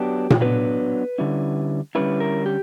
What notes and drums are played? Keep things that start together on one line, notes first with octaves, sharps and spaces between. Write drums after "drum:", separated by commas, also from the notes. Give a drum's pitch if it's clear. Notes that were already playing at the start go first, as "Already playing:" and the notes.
Already playing: F#3 B3 D4 G4
drum: tom A#2
F#3 B3 D4 B4
D3 G3 C#4 E4
D3 G3 C#4 E4 B4
A#4
G4